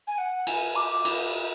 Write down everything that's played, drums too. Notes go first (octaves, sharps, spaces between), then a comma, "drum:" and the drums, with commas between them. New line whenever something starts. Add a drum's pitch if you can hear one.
G#5
F#5
G#5, drum: cymbal
D6
drum: cymbal